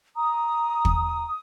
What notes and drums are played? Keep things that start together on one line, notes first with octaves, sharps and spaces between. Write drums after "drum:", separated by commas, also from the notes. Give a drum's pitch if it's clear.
A#5 D#6
drum: kick